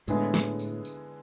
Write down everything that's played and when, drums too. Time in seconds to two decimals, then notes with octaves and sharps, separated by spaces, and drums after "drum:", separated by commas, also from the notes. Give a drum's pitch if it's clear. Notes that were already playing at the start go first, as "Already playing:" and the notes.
0.08 A2 D3 G#3 B3 E4 G#4, drum: tambourine
0.34 drum: snare
0.59 drum: tambourine
0.85 drum: tambourine